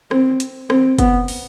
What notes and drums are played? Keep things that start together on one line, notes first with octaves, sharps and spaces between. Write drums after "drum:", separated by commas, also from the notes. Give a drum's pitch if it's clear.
C4, drum: rim click
drum: hi-hat
C4, drum: rim click
B3, drum: kick, hi-hat
drum: open hi-hat